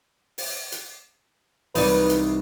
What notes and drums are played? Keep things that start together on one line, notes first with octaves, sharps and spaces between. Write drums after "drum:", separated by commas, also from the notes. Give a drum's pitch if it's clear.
drum: open hi-hat
drum: hi-hat
C2 E3 D#4 B4 D5 F#6, drum: open hi-hat
drum: hi-hat